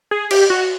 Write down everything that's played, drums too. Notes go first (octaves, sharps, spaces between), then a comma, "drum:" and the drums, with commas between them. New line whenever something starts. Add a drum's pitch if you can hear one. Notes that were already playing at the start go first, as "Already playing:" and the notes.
G#4
G4, drum: cymbal
F#4